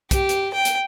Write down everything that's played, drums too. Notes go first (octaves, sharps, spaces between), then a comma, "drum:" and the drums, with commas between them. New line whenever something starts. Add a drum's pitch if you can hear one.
G4, drum: kick, hi-hat
drum: hi-hat
G5
drum: hi-hat